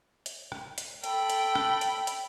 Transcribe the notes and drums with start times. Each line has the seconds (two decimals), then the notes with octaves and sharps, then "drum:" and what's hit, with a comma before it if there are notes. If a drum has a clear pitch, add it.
0.26 drum: hi-hat
0.52 drum: rim click
0.78 drum: hi-hat
1.04 A4 G5 B5, drum: hi-hat
1.30 drum: hi-hat
1.55 drum: rim click
1.81 drum: hi-hat
2.07 drum: hi-hat